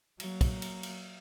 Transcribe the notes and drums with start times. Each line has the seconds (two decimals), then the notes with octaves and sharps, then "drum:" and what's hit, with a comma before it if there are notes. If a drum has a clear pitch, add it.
0.20 F#3 A#3, drum: cymbal
0.41 drum: kick, cymbal
0.62 drum: cymbal
0.83 drum: cymbal